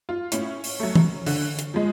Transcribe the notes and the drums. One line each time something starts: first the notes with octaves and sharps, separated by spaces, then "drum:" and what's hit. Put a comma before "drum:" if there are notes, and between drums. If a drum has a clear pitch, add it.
F4
A2 C#4, drum: hi-hat
drum: open hi-hat
F#3 A3
drum: tom
D3, drum: open hi-hat
drum: hi-hat
F3 G#3